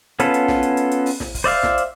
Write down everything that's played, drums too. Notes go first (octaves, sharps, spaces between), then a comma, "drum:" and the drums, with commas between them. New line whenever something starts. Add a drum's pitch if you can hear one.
B3 C#4 F4 A4 B4, drum: hi-hat
drum: hi-hat
drum: snare
drum: hi-hat
drum: hi-hat
drum: hi-hat
drum: open hi-hat
drum: snare
drum: kick, open hi-hat
C5 D5 E5 F5
drum: snare
drum: hi-hat